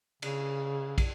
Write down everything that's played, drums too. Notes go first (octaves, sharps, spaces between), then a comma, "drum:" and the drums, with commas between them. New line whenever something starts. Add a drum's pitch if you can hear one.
C#3, drum: cymbal
drum: kick, cymbal